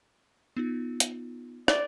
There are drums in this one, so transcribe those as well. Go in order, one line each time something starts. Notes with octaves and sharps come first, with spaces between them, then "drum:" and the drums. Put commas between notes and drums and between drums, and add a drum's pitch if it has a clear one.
B3 D#4 F4
drum: hi-hat
D5, drum: rim click